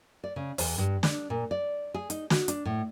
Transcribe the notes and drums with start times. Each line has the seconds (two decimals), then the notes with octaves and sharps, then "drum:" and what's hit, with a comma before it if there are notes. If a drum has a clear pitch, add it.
0.24 D5
0.36 C#3
0.58 E2, drum: open hi-hat
0.78 G2
1.03 D4, drum: snare
1.30 A#2
1.51 D5
1.94 G#4
2.10 D#4, drum: hi-hat
2.30 F#4, drum: snare
2.48 D4, drum: hi-hat
2.65 A2